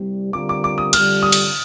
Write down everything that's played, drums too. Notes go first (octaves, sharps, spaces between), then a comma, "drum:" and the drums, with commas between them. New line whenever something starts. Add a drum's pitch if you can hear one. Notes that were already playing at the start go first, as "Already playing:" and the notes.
Already playing: C2 C3 G3
D3 G3 C4 F4 A#4 D6
D6
D6
D#6
F2 D3 G3 F6, drum: cymbal
D#6
drum: cymbal